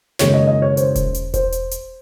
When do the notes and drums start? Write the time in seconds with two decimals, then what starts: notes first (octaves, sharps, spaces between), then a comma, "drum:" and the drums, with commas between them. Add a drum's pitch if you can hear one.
0.19 F#1 F#2 D#3 G#3 C#5, drum: snare
0.34 D#5
0.47 D#5
0.62 C#5
0.77 C5, drum: hi-hat
0.96 drum: kick E1, hi-hat
1.14 drum: hi-hat
1.34 C5, drum: kick E1, hi-hat
1.52 drum: hi-hat
1.71 drum: hi-hat